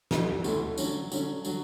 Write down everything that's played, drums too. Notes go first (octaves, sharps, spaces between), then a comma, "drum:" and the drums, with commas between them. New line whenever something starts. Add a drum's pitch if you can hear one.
D2 D3 A3 E4, drum: snare
D2 D3 A3 E4, drum: tambourine
D3 F#3 C#4, drum: tambourine
D3 F#3 C#4, drum: tambourine
D3 F#3, drum: tambourine